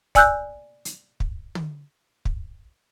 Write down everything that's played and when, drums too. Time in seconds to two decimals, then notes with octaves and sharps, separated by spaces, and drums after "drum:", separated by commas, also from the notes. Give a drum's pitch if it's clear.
0.15 D5 G#5 E6 F#6 G6, drum: kick, hi-hat
0.85 drum: hi-hat
1.20 drum: kick
1.55 drum: tom
2.25 drum: kick